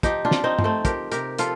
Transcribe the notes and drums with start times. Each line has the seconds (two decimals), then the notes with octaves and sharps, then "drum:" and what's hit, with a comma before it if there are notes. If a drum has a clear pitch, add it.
0.03 F3 D#4 G4, drum: kick, hi-hat
0.25 D4 F4
0.31 F3, drum: snare
0.44 C4 D#4
0.59 F3, drum: tom
0.64 A3 C4
0.85 F3 G4 A#4, drum: kick, hi-hat
1.12 C3 G4 A#4, drum: hi-hat
1.39 F3 F4 A4, drum: hi-hat